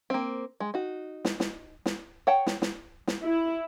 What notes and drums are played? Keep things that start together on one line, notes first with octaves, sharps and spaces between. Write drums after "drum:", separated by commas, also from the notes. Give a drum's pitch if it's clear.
A#3 C4
G#3
D#4 F#4
drum: snare
drum: snare
drum: snare
C#5 F#5 G5 A5
drum: snare
drum: snare
drum: snare
E4